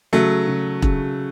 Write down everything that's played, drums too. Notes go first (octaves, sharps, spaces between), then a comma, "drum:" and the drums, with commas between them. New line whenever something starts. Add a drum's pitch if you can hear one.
C#3 F#3 A3
C#3
C#3, drum: kick E1